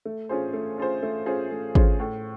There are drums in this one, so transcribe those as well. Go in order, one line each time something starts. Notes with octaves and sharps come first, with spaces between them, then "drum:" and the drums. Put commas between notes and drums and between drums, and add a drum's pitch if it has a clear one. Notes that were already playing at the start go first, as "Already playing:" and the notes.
A3
C#4 F4 G#4 C5
A3
C#4 F4 G#4 C5
A3
C#4 F4 G#4 C5
A3
C#4 F4 G#4 C5, drum: kick G#1
A2